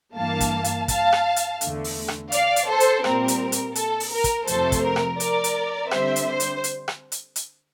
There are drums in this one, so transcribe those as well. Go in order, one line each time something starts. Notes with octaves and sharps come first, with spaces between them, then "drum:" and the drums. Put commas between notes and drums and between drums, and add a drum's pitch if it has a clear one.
G2 E3 A#3 F5 A5
drum: kick, hi-hat
drum: hi-hat
F5 A5, drum: kick, hi-hat
drum: rim click
drum: hi-hat
E2 D3 A3, drum: hi-hat
drum: open hi-hat
drum: rim click
D5 F5, drum: hi-hat
drum: hi-hat
A4 C5
drum: hi-hat
A#2 G3 C4 A#4, drum: rim click
drum: hi-hat
drum: hi-hat
A4, drum: hi-hat
drum: open hi-hat
A#4
drum: kick, hi-hat
F2 C3 F3 A3 A4 C5, drum: hi-hat
drum: kick, hi-hat
A#4
drum: rim click
A#4 D5, drum: hi-hat
drum: hi-hat
D3 G3 C4 C5 E5, drum: rim click
drum: hi-hat
C5
drum: hi-hat
drum: hi-hat
drum: rim click
drum: hi-hat
drum: hi-hat